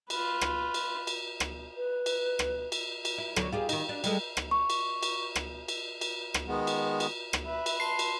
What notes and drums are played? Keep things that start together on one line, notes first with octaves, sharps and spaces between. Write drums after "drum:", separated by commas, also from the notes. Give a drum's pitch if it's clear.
F4 B4, drum: cymbal
drum: rim click
drum: cymbal
drum: cymbal
drum: rim click
B4
drum: cymbal
drum: rim click
drum: cymbal
drum: cymbal
E4
D3 F#3 A4, drum: rim click
F4 G4 G#4
D#3 D#4, drum: cymbal
D4
G3 G#3 A4, drum: cymbal
drum: rim click
C#6
drum: cymbal
drum: cymbal
drum: rim click
drum: cymbal
drum: cymbal
drum: rim click
D#3 G#3 B3
drum: cymbal
drum: cymbal
drum: rim click
B4 E5
drum: cymbal
A5 C6 C7
drum: cymbal